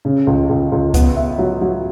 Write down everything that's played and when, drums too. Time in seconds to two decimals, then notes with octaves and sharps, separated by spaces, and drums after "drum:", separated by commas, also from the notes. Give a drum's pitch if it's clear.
0.05 C#3
0.27 C#2
0.49 C#2
0.72 C#2
0.94 B3, drum: kick C#2, hi-hat
1.16 E5
1.38 F#3
1.61 F#3